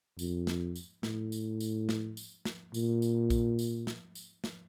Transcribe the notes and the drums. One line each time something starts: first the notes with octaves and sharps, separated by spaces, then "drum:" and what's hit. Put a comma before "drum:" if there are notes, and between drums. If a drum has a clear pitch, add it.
F2, drum: tambourine
drum: snare
drum: tambourine
A2, drum: snare
drum: tambourine
drum: tambourine
drum: snare
drum: tambourine
drum: snare
A#2, drum: tambourine
drum: tambourine
drum: kick A#1, tambourine
drum: tambourine
drum: snare
drum: tambourine
drum: snare